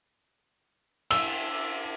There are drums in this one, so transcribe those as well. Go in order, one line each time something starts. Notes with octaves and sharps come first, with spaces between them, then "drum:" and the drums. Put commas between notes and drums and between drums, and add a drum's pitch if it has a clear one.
E6, drum: cymbal